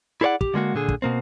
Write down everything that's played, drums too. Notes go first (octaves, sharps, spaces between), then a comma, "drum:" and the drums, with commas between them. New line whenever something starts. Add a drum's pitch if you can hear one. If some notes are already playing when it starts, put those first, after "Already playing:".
E4 G#4 A4 C#5 D5 F#5
G4, drum: kick
D3 G#3 A#3 F#4
A#2 D3 G#4
drum: kick
B2 A#3 C4